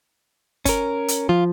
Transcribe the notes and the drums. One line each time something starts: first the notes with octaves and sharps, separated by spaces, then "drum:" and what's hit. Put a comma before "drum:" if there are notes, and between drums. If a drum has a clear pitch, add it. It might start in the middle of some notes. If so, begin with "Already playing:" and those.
C#4 A#4, drum: kick G1, hi-hat
drum: hi-hat
F3 F4